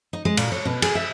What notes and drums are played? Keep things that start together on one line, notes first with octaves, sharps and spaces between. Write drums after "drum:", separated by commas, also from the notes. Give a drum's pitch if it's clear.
D#4
G#3
A#2, drum: cymbal
C#5
B2
G#4, drum: cymbal
E5